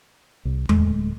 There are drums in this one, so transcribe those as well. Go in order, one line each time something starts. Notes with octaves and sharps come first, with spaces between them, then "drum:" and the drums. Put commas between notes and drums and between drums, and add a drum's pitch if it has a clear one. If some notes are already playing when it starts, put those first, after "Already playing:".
C2
D1 G#3 A3, drum: tom E2